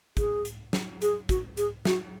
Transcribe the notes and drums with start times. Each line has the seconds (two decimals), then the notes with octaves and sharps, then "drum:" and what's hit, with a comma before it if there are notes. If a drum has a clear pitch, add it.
0.17 G#4, drum: kick, hi-hat
0.45 drum: hi-hat
0.73 drum: snare
1.02 G#4, drum: hi-hat
1.29 F#4, drum: kick, hi-hat
1.57 G#4, drum: hi-hat
1.85 F#4, drum: snare